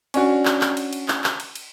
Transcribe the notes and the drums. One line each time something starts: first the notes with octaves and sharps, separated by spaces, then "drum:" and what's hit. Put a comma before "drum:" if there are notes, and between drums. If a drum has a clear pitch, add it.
C#4 D4 F#4, drum: cymbal
drum: clap
drum: clap
drum: cymbal
drum: cymbal
drum: clap
drum: clap
drum: cymbal
drum: cymbal